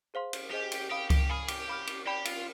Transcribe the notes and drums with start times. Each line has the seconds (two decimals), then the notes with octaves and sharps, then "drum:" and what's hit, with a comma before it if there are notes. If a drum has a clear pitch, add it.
0.14 G#4 C5 F5 C6
0.33 drum: cymbal
0.52 G4 G#4 C5 D#5 G#5
0.72 drum: cymbal
0.91 G4 F5 B5 D#6
1.10 G4, drum: kick C#2, cymbal
1.30 G#4 F5 G#5 B5 F6
1.48 G4, drum: cymbal
1.68 F5 B5 D6 F6
1.87 drum: cymbal
2.07 G4 D5 G5 B5
2.25 F4, drum: cymbal